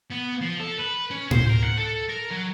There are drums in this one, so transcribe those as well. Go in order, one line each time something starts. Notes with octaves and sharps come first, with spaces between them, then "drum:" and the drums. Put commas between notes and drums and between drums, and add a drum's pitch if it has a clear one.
B3
F3
A4
B4
C#4
C5, drum: tom A2
A#4
F#5
A4
A#4
F#3